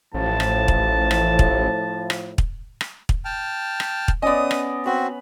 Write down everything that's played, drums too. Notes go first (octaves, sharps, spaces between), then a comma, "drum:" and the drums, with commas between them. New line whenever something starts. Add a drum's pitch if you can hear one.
A1 A2 F3 A5
drum: rim click
drum: kick
drum: rim click
drum: kick
drum: rim click
drum: kick
drum: rim click
drum: kick
G5 A5 F6
drum: rim click
drum: kick
B3 C#4 D5 D#5 D#6
drum: rim click
C4 F#4 B5